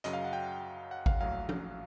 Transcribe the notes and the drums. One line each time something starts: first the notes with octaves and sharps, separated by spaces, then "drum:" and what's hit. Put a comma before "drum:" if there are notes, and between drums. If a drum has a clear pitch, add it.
F#2 C#3 F#3 D#5, drum: hi-hat
F5
F#5
G5
F#5
F5, drum: kick G#1
A#1 A2 F#3 F5
drum: tom F3